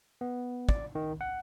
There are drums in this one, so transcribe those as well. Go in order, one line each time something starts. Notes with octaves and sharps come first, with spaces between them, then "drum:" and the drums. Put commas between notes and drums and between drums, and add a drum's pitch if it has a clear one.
B3
D5, drum: kick
D#3
F#5